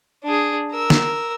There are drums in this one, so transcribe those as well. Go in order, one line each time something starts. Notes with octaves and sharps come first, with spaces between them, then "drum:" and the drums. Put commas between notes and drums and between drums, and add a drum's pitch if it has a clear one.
D4 G#4
A#4 E6
drum: snare